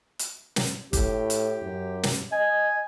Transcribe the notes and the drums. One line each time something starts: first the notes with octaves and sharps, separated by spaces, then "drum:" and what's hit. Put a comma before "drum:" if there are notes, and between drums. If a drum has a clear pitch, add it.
drum: hi-hat
drum: snare
A2 G4, drum: kick, hi-hat
drum: hi-hat
F#2
drum: snare
D#5 G#5